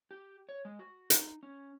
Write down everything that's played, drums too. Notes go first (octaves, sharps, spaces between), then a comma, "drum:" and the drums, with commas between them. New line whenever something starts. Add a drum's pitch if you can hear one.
G4
C#5
G#3
F#4
D#4, drum: hi-hat
C#4